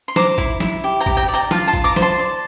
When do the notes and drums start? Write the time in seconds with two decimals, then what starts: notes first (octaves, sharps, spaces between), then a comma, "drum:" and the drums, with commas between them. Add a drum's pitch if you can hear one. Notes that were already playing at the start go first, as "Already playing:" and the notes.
0.08 C6
0.16 C5 A#5 D6, drum: snare
0.38 E4, drum: kick A1
0.60 E4, drum: snare
0.84 G4
1.00 G5 A#5
1.06 G4, drum: kick A1
1.17 G5 A#5
1.28 D5
1.34 G5 A#5
1.51 F4 F5 A5, drum: snare
1.67 A5 C6
1.73 F4, drum: kick A1
1.84 A#5 D6
1.96 C5, drum: snare
2.02 A5 C6
2.19 D5